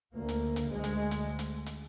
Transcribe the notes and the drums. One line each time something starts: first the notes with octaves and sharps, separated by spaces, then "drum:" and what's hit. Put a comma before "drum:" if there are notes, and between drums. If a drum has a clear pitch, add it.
D2 A#3
drum: hi-hat
drum: hi-hat
D2 G#3
drum: hi-hat
drum: hi-hat
drum: hi-hat
drum: hi-hat